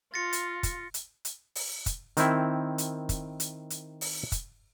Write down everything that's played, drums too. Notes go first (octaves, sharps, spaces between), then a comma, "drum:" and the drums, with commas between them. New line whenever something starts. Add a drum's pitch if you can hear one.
F4 A6 A#6 C#7
drum: hi-hat
drum: kick, hi-hat
drum: hi-hat
drum: hi-hat
drum: open hi-hat
drum: kick, hi-hat
D#3 C4 E4, drum: hi-hat
drum: hi-hat
drum: kick, hi-hat
drum: hi-hat
drum: hi-hat
drum: open hi-hat
drum: kick, hi-hat